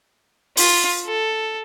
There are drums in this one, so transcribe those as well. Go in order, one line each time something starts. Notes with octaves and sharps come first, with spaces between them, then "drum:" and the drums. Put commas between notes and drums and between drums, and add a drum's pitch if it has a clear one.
F4, drum: open hi-hat
A4